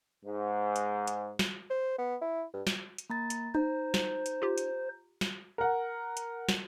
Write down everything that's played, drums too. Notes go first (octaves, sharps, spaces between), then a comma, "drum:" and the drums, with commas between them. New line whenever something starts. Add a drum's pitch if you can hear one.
G#2
drum: hi-hat
drum: hi-hat
drum: snare
C5
B3
E4
G2
drum: snare
drum: hi-hat
A#3 A#5 A6
drum: hi-hat
D#4 C5 A#5
drum: snare
drum: hi-hat
F4 G4
drum: hi-hat
drum: snare
A#4 F#5
drum: hi-hat
drum: snare